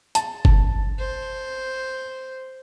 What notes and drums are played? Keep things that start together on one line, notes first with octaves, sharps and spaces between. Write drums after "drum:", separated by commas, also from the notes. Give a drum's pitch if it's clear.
A5, drum: hi-hat
drum: kick F#1
C5